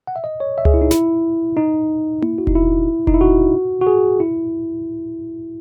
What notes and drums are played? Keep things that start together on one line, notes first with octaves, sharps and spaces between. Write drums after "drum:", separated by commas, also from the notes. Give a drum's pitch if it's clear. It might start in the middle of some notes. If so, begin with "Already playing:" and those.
F#5
E5
D#5
C#5
E5
G#4, drum: tom C#2
E4
D#4
E4, drum: snare
D#4
E4, drum: tom A#3
F#4
D#4, drum: kick F1
E4
D#4, drum: kick F1
E4
F#4
F#4
G#4
E4